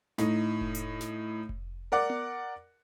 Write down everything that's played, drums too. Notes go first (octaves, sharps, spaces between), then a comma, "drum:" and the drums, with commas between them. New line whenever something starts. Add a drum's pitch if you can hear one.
A2 D#4, drum: snare
drum: kick F1
drum: hi-hat
drum: snare
drum: kick F1
A#4 D5 F#5 D6
drum: tom B3